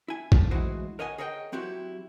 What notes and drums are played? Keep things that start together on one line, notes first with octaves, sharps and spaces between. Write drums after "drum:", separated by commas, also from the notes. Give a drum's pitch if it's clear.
E4 G#5
F3 D4, drum: kick A#1
D2 E3 G#3 E4 F#4 C5
A#4 C#5 D#5 F#5 G#5
G#4 A#4 C#5 D#5 F5 G5
F#3 C4 E4 F#4 G4